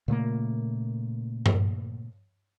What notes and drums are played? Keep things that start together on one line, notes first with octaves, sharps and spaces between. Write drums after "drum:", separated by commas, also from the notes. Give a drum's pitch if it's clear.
A#2 C#3 A3 A#3
drum: tom G2